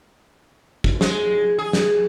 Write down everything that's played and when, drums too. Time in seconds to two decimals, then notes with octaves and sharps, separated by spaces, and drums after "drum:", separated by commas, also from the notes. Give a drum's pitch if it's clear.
0.84 drum: kick
1.01 G#3, drum: snare
1.59 G#4
1.73 drum: snare